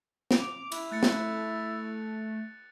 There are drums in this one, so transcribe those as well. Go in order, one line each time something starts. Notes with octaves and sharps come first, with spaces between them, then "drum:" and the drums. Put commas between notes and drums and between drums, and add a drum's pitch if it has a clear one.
D6 F7, drum: snare
E4, drum: cymbal
A3 F#6 A6 C#7
drum: snare